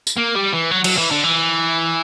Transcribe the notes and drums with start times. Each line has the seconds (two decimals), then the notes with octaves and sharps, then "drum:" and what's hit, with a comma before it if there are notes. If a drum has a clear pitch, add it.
0.07 drum: tambourine
0.17 A#3
0.35 G3
0.53 E3
0.71 F#3
0.84 F#3, drum: cymbal
0.97 E3
1.11 D3
1.24 E3